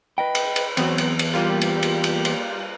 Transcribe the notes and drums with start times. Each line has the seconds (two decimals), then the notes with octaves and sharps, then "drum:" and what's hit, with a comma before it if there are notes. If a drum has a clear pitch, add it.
0.18 B4 D#5 G5 B5
0.35 drum: cymbal
0.56 drum: cymbal
0.77 E2 F#3 B3 C4, drum: cymbal
0.98 drum: cymbal
1.19 drum: cymbal
1.34 G3 A#3 F4 G4
1.61 drum: cymbal
1.83 drum: cymbal
2.04 drum: cymbal
2.25 drum: cymbal